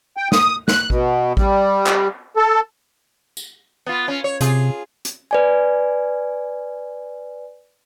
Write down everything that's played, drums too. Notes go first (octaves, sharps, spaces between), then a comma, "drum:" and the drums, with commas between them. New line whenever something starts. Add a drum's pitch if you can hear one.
G5
D#6, drum: snare
F#6, drum: snare
B2, drum: kick A1
G3, drum: kick A1
drum: clap
A4
drum: tambourine
B3 F4
C#4 F4
C#5
C3 F4 G#4, drum: hi-hat
drum: hi-hat
B4 D5 G#5